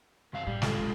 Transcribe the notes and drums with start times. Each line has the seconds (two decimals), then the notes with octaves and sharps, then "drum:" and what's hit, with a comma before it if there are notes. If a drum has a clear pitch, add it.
0.33 C2 F#2 F5
0.47 A2 G3
0.62 G#3 F4 A4, drum: snare
0.79 B1